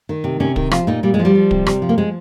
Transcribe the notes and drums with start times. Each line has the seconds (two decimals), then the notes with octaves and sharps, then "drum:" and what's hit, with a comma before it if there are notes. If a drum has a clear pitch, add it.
0.09 D#3
0.24 C3
0.40 C3 C#4
0.56 D#3, drum: kick
0.71 F3 F4, drum: rim click
0.87 A#2 D#4
1.03 A#2 G3
1.14 G#3
1.19 F3
1.25 G3
1.35 F3
1.51 C3, drum: kick
1.67 C3, drum: rim click
1.82 F3
1.89 A#3
1.98 F3 G#3